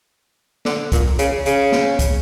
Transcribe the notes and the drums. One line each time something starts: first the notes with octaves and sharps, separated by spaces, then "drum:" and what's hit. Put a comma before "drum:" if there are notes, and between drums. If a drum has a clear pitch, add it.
D3, drum: snare
A#2, drum: kick, hi-hat
C#3, drum: hi-hat
C#3, drum: hi-hat
drum: snare
drum: kick, hi-hat